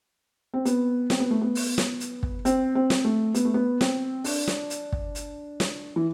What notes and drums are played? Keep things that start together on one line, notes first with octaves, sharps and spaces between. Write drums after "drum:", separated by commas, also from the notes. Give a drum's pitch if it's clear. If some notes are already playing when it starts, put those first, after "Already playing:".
C4
B3, drum: hi-hat
C4, drum: snare
B3
A3
B3
drum: open hi-hat
drum: snare
drum: hi-hat
drum: kick
C4, drum: hi-hat
C4
drum: snare
A3
B3, drum: hi-hat
A3
B3
C4, drum: snare
D4, drum: open hi-hat
drum: snare
drum: hi-hat
drum: kick
drum: hi-hat
drum: snare
E3